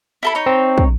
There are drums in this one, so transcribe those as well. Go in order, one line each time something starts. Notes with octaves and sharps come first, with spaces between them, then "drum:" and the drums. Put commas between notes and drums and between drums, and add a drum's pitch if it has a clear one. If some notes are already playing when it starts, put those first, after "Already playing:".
E4 A4 B5
D#4 C#5
C4
drum: kick